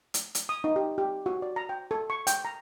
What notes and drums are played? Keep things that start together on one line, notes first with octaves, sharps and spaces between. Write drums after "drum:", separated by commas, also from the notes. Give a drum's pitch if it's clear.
drum: hi-hat
drum: hi-hat
D#6
D#4
G4
G4
F#4
D5
A#5
G5
A4
C#6
G5, drum: hi-hat
A#5